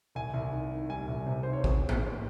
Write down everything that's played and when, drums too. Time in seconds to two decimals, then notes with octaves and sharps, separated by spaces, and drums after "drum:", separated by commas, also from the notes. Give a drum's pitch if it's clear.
0.15 C2 G#5
0.34 C2
0.52 D#3
0.72 D#3
0.90 G3 G#5
1.08 C2
1.26 C3
1.43 D#3 C5
1.53 C#5
1.64 drum: kick A1
1.89 drum: tom